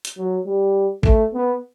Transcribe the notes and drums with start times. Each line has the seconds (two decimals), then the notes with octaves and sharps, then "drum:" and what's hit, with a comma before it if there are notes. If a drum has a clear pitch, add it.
0.05 drum: hi-hat
0.17 F#3
0.46 G3
1.03 A3, drum: kick
1.33 B3